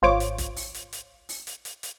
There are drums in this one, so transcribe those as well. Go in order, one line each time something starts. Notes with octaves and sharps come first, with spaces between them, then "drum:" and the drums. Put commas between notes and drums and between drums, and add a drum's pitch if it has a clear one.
G#1 F4 C5 C#5 D6
drum: hi-hat
drum: kick, hi-hat
drum: open hi-hat
drum: hi-hat
drum: hi-hat
drum: open hi-hat
drum: hi-hat
drum: hi-hat
drum: hi-hat